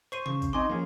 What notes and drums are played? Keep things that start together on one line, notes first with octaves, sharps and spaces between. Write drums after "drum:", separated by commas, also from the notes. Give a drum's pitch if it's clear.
C5 C#6 C7 D#7
C#3 C#6, drum: tom D#3
drum: kick G#1, tambourine
C4 D#4 D#5 G#5 C6 D6
F3 A#3 C#4 G#4